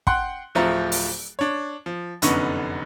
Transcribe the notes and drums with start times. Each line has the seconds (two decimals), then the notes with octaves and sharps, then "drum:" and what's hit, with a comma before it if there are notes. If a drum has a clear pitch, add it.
0.07 F#5 G5 C6 F#6, drum: kick
0.55 D1 F3 A3 C4 F4 A#5
0.92 drum: open hi-hat
1.39 D4 C#5
1.86 F3
2.22 F1 F#2 D3 B3 D#4 C#6, drum: hi-hat